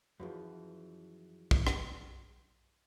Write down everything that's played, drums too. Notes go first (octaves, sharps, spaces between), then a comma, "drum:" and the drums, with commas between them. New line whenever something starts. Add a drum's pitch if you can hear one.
F#2 E3 F3 F#4 G#4
drum: kick
drum: rim click